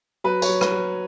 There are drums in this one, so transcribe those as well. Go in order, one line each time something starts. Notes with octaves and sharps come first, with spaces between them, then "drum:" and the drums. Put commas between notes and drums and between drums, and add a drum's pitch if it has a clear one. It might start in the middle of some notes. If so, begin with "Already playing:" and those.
F#3 B4
C#5, drum: tambourine
F#3
B4, drum: rim click
F#3